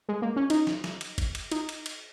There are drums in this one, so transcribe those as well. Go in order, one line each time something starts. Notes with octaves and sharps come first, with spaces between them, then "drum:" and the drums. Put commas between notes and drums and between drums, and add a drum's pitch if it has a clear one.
G#3
A#3
C#4
D#4, drum: cymbal
drum: snare
drum: snare
drum: cymbal
drum: kick G1, cymbal
drum: cymbal
D#4, drum: cymbal
drum: cymbal
drum: cymbal